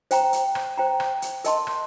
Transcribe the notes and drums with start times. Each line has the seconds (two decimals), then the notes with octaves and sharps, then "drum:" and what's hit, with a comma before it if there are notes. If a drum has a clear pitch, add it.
0.11 C5 G5 A#5, drum: hi-hat
0.33 drum: hi-hat
0.55 drum: rim click
0.78 C5 G5 A#5
1.00 drum: rim click
1.22 drum: hi-hat
1.44 A#4 D#5 A5 C6, drum: hi-hat
1.67 drum: rim click